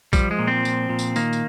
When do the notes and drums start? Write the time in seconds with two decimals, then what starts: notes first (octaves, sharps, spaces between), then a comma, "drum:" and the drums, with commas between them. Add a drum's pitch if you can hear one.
0.13 F3 G3, drum: kick, tambourine
0.31 G#3
0.39 A#2
0.47 C4
0.65 F3, drum: tambourine
0.90 A#2
0.99 drum: tambourine
1.16 D#3 A#3, drum: tambourine
1.33 drum: tambourine